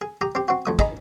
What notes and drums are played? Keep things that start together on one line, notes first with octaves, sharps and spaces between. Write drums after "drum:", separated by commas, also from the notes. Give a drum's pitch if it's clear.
G#4
G4 A#5 D#6
C4 G4
C4 F#4
F2 A3 D#6
G#4 D#5 A#5 B5, drum: kick